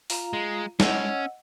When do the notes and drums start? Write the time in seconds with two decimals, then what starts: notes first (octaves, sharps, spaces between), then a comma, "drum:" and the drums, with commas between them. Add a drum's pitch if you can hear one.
0.10 F4 F5 A#5, drum: open hi-hat
0.33 G#3
0.80 C#4 D#5 F#5 E6, drum: snare